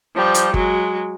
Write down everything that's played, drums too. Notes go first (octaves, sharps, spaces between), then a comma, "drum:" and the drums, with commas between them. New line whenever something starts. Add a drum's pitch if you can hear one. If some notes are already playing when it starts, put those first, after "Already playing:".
F3 G3
drum: hi-hat
F#3 G#3, drum: kick G1